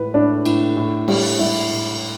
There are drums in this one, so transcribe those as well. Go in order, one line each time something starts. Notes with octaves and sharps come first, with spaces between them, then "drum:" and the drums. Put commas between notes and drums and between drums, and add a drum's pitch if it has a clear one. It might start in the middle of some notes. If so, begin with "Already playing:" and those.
Already playing: A2 E3 B4
A2 D4
A2, drum: cymbal
A2
G3, drum: cymbal
G3 E4
A2